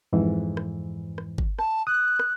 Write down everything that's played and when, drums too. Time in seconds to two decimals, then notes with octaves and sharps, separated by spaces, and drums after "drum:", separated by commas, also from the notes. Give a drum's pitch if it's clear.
0.13 F2 G#2 E3
0.57 drum: rim click
1.18 drum: rim click
1.38 drum: kick G1
1.59 A5, drum: rim click
1.87 D#6 F#6
2.19 drum: rim click